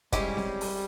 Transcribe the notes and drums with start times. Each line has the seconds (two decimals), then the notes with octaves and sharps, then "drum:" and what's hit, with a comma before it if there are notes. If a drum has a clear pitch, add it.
0.12 G3 G#3 C#4 E4 G4 C5, drum: kick, hi-hat
0.37 drum: snare C4
0.61 drum: open hi-hat